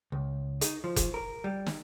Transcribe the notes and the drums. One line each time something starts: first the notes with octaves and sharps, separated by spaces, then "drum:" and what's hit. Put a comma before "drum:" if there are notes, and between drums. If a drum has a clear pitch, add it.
C#2
D#4, drum: hi-hat
F3
drum: kick F1, hi-hat
A#4
G3
drum: snare